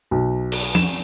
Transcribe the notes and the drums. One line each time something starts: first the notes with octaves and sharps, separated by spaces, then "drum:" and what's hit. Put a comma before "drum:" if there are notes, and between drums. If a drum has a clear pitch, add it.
B1
drum: cymbal
E7, drum: tom F3